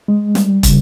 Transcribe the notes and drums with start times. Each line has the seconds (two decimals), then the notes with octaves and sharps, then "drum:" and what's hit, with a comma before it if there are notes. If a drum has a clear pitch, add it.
0.08 G#3
0.35 G3, drum: snare
0.63 C#3, drum: kick, hi-hat